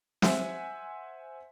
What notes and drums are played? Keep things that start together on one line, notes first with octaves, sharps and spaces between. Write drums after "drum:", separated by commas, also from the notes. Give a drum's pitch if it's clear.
C5 E5 F#5 G#5, drum: snare